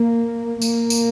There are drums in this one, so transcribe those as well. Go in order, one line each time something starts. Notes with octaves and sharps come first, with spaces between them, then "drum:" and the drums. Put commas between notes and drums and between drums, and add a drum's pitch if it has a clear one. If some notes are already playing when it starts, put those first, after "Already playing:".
Already playing: A#3
A#3, drum: tambourine
drum: tambourine